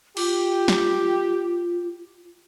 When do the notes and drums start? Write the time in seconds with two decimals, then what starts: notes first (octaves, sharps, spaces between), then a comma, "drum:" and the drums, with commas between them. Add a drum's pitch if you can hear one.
0.17 F4 G4, drum: cymbal
0.68 drum: snare